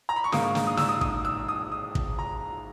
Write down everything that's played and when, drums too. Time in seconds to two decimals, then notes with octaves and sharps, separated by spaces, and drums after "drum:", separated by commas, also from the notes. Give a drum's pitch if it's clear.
0.09 A#5
0.16 B5
0.24 C#6
0.32 G#2 D#3 A#3 D#6, drum: snare
0.55 drum: snare
0.67 D#6
0.77 E6, drum: snare
0.89 D#6
1.01 D#6, drum: kick
1.25 E6
1.48 D#6
1.72 D#6
1.95 drum: kick
2.19 A#5